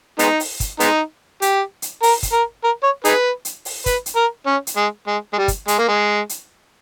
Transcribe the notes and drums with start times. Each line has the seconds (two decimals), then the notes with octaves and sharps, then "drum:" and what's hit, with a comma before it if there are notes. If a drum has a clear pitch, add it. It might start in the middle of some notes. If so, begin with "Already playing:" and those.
0.19 G#3 B3 D#4, drum: hi-hat
0.40 drum: open hi-hat
0.60 drum: kick, hi-hat
0.80 G#3 B3 D#4, drum: hi-hat
1.42 G4, drum: hi-hat
1.82 drum: hi-hat
2.03 A#4, drum: open hi-hat
2.23 drum: kick, hi-hat
2.33 A#4
2.64 A#4
2.83 C#5
3.05 D#4 G#4 B4, drum: hi-hat
3.45 drum: hi-hat
3.65 drum: open hi-hat
3.86 B4, drum: kick, hi-hat
4.06 drum: hi-hat
4.16 A#4
4.46 C#4
4.67 drum: hi-hat
4.77 G#3
5.07 G#3
5.33 G#3
5.38 G3
5.48 drum: kick, hi-hat
5.68 G#3, drum: hi-hat
5.79 A#3
5.88 G#3
6.29 drum: hi-hat